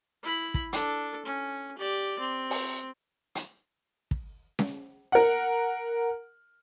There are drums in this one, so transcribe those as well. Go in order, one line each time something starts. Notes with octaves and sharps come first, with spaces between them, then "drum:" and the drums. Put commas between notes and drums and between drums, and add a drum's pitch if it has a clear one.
E4 B5
drum: kick
D4 A4, drum: hi-hat
C#4
G4 D5
C4
drum: open hi-hat
drum: hi-hat
drum: kick
drum: snare C#4
A#4 F#5